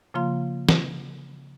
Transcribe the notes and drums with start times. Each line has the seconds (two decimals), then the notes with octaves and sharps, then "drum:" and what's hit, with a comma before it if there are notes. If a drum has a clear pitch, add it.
0.14 C#3 F3 A#3 F4 F5 C6
0.69 drum: snare